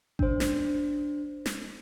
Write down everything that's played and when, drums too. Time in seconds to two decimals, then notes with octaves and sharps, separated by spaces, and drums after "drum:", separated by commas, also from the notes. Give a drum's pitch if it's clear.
0.19 D4 C5, drum: kick G#1
0.40 drum: snare
1.46 drum: snare